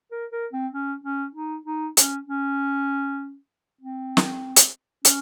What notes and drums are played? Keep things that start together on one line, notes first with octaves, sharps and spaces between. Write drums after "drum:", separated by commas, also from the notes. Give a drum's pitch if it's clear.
A#4
A#4
C4
C#4
C#4
D#4
D#4
C#4, drum: hi-hat
C#4
C4
drum: snare
drum: hi-hat
C#4, drum: hi-hat